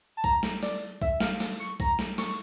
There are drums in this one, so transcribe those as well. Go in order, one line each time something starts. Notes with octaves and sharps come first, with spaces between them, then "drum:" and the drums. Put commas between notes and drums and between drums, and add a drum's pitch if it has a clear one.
A5
A#5, drum: kick B1
drum: snare
D5, drum: snare
E5, drum: kick B1
F5, drum: snare
drum: snare
C#6
A#5, drum: kick B1
drum: snare
C#6, drum: snare